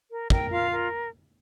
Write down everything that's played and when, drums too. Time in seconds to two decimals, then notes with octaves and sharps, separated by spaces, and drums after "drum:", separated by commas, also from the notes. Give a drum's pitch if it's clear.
0.10 A#4
0.30 A#4 G5, drum: kick
0.51 F4 F5
0.71 A#4